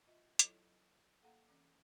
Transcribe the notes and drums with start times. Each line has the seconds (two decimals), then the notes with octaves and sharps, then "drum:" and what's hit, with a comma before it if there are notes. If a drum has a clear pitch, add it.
0.06 F4 D#5 E5
0.39 F#3 E4 F4 A4 C#5 D#5, drum: hi-hat
1.22 A#3 A4 F5 F#5 A#5
1.49 E3 C#4